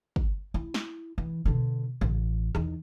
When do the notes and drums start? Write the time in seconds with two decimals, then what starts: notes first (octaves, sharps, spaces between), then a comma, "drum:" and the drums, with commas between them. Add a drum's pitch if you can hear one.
0.16 drum: kick
0.54 E4
0.74 drum: snare
1.18 E3
1.45 B2 D3
2.01 A1, drum: tom C#3
2.55 E2 D#3, drum: rim click